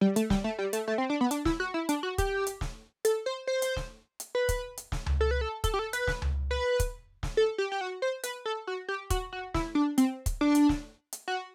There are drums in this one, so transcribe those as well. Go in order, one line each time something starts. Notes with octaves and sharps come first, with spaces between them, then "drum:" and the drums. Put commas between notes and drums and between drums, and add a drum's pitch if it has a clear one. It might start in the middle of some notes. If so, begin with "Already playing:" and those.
G3
A3, drum: hi-hat
G3, drum: snare
A3
G3
A3, drum: hi-hat
A3
C4
D4
B3
D4, drum: hi-hat
E4, drum: snare
F#4
E4
D4, drum: hi-hat
F#4
G4, drum: kick, hi-hat
drum: hi-hat
drum: snare
A4, drum: hi-hat
C5
C5
drum: hi-hat
drum: snare
drum: hi-hat
B4
drum: kick, hi-hat
drum: hi-hat
drum: snare
drum: tom C#2
A4
B4
A4
A4, drum: kick, hi-hat
G4
A4
B4, drum: hi-hat
drum: snare
drum: tom C#2
B4
drum: kick, hi-hat
drum: snare
A4
G4
G4
F#4
C5
B4, drum: hi-hat
A4
F#4
G4
F#4, drum: kick, hi-hat
F#4
E4, drum: snare
D4
C4, drum: hi-hat
drum: kick, hi-hat
D4
drum: hi-hat
drum: snare
drum: hi-hat
F#4